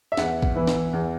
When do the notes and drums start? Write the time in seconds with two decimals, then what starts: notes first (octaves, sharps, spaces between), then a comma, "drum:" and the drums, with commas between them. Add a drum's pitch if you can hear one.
0.12 E5
0.17 E2 F#5, drum: snare
0.42 drum: kick A1
0.55 E3 B3 E4
0.67 drum: snare
0.93 E2